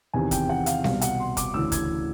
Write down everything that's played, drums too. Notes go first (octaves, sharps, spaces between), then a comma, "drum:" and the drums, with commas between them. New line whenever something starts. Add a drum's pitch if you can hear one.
E2 C3 D#3 G#5
G5, drum: kick, hi-hat
F#5
F5, drum: hi-hat
C2 B2 F5, drum: snare C4
F#5, drum: hi-hat
C6
D6, drum: kick, hi-hat
D2 C#3 E3 E6
G#6, drum: kick, hi-hat